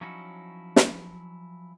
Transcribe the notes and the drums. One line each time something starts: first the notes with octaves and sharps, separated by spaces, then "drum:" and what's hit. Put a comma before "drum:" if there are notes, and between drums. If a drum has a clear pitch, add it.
F3 F#3 C#4 D#4 E4 F#4
drum: snare